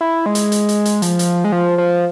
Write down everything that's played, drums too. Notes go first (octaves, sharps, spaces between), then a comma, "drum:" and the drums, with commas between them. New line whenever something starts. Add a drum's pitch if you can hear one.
E4
G#3
drum: hi-hat
drum: hi-hat
drum: hi-hat
drum: hi-hat
F3, drum: hi-hat
drum: hi-hat
G#3
F3
F3